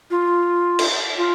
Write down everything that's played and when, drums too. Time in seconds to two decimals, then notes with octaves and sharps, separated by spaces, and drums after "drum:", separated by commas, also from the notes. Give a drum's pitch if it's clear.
0.11 F4
0.79 drum: cymbal
1.17 F4